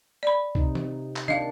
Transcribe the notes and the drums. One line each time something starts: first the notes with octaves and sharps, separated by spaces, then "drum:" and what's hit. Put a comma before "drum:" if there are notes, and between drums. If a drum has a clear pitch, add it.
D5 B5
C3 D#4, drum: kick B1
drum: tom D#3
drum: clap
D#3 D4 D#5 F5